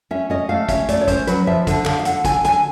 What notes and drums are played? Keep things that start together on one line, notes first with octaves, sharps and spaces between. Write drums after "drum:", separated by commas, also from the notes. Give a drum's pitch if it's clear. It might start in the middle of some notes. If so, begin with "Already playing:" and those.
C#4 E5
C#4 D#5
A3 F5
C#4 E5, drum: kick, hi-hat
A3 D5, drum: hi-hat
C#5
C#4 C5, drum: kick, hi-hat
F#3 B4, drum: hi-hat
F3 E5
D3, drum: kick, hi-hat
D3 F5, drum: clap
F5
D3 F#5, drum: hi-hat
D3 G#5, drum: kick, hi-hat
D3 G#5, drum: hi-hat